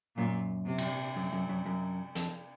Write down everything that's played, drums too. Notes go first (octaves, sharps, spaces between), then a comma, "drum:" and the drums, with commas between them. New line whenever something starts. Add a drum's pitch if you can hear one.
F#2 A#2
C3
drum: cymbal
F#2
F#2
F#2
F#2
F2, drum: hi-hat